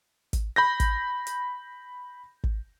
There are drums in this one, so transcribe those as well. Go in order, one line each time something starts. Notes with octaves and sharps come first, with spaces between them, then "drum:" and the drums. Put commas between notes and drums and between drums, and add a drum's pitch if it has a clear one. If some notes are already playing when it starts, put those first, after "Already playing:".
drum: kick, hi-hat
B5 G6 A#6
drum: kick, hi-hat
drum: hi-hat
drum: kick